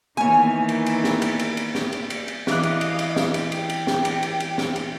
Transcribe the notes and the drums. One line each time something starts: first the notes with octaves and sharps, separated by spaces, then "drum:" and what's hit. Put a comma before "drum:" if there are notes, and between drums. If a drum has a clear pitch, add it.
D#3 E3 A#3 B3 C#5 G#5
drum: cymbal
drum: cymbal
drum: snare
drum: cymbal
drum: cymbal
drum: cymbal
drum: snare
drum: cymbal
drum: cymbal
drum: cymbal
E3 D#5 F5 D6 F#6, drum: snare
drum: cymbal
drum: cymbal
drum: cymbal
drum: snare
drum: cymbal
G4, drum: cymbal
drum: cymbal
drum: snare
drum: cymbal
drum: cymbal
drum: cymbal
drum: snare
drum: cymbal